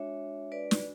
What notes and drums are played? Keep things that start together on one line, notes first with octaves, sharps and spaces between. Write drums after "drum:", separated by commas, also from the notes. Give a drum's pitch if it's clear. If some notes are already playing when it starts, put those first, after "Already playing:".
Already playing: G#3 D4 F#4 C#5 E5
B4 D5
drum: snare